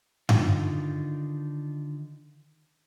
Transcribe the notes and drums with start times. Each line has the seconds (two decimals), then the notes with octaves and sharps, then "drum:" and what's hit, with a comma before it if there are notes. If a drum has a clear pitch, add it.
0.29 D3 D#3 D#4 F4, drum: tom G2